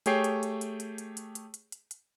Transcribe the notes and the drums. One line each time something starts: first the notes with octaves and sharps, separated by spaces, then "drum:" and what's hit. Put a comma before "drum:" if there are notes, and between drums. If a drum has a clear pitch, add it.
A3 G4 G#4 C#5 G5 C7, drum: hi-hat
drum: hi-hat
drum: hi-hat
drum: hi-hat
drum: hi-hat
drum: hi-hat
drum: hi-hat
drum: hi-hat
drum: hi-hat
drum: hi-hat
drum: hi-hat